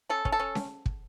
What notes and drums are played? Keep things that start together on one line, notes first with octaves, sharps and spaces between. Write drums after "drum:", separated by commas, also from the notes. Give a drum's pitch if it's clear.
C#4 A4
C#4, drum: kick
A4
C#4
drum: snare C#4
drum: kick